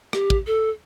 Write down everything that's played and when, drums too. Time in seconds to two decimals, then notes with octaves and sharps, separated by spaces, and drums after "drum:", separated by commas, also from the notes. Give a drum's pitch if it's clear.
0.13 G4, drum: rim click
0.30 drum: kick
0.47 A4